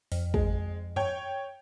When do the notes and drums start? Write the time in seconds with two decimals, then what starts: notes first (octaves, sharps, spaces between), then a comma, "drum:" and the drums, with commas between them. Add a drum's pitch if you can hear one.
0.12 F2, drum: open hi-hat
0.34 G#3, drum: kick
0.96 C#5 G5, drum: tom F#2